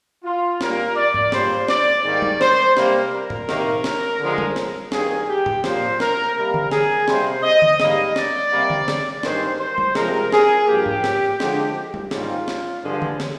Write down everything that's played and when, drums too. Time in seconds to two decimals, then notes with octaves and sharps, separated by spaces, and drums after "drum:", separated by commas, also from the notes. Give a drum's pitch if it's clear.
0.24 F4
0.61 A#2 G3 A#3 A#4, drum: snare
0.96 D5
1.14 drum: tom G#2
1.32 A#2 G3 A#3 C5, drum: snare
1.68 D5, drum: snare
2.04 G#2 D#3 G3 A#3 D5
2.22 drum: tom G3
2.41 C5, drum: snare
2.77 C3 G3 A#3, drum: snare
3.13 A#4
3.30 drum: tom A2
3.49 C3 D#3 A#3, drum: snare
3.84 drum: snare
4.20 D3 F3 G#3
4.38 drum: tom G3
4.56 drum: snare
4.92 G2 D#3 A#3 G#4, drum: snare
5.28 G4
5.46 drum: tom A2
5.64 A#2 F3 A#3 C5, drum: snare
6.00 A#4, drum: snare
6.36 C3 G3 A#3 A#4
6.54 drum: tom D3
6.71 G#4, drum: snare
7.08 C3 G3 A#3 C5, drum: snare
7.43 D#5
7.62 drum: tom D3
7.80 G#2 G3 A#3 D#5, drum: snare
8.16 D5, drum: snare
8.52 C3 G3 A#3
8.70 drum: tom D3
8.88 drum: snare
9.23 G2 D#3 G#3 C5, drum: snare
9.59 C5
9.78 drum: tom G3
9.95 C3 F3 G#3 A#4, drum: snare
10.32 G#4, drum: snare
10.68 G2 F3 A#3 G4
10.86 drum: tom G#2
11.04 drum: snare
11.40 D3 F3 G#3, drum: snare
11.94 drum: tom G3
12.11 G#2 D#3 G3 A#3 F4, drum: snare
12.48 drum: snare
12.84 G2 D3 F3 G#3
13.02 drum: tom D3
13.20 drum: snare